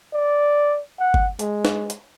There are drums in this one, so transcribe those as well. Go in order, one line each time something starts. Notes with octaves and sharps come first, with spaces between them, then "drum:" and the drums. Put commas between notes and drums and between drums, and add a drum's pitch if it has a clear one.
D5
F#5
drum: kick G1
G#3, drum: hi-hat
drum: snare
drum: hi-hat